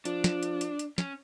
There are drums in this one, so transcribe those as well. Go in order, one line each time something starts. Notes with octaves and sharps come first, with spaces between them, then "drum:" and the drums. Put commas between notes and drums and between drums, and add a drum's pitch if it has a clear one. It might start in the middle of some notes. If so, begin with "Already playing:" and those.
F3 D4, drum: hi-hat
drum: snare
drum: hi-hat
drum: hi-hat
drum: hi-hat
C#4, drum: snare